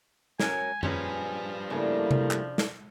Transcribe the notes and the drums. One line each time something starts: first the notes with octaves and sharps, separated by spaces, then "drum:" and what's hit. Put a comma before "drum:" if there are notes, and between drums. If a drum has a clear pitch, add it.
F#3 C#4 A#4 G#5, drum: snare
A#2 F3 G3 C#4 G#4 B4, drum: tom F#2
C#3 A3 A#3 D4 E4
drum: tom C3
drum: clap
drum: snare